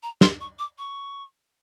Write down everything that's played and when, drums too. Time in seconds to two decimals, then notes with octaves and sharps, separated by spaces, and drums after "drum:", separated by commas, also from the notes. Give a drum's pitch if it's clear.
0.03 A#5
0.21 C6, drum: snare
0.40 C#6
0.59 D6
0.78 C#6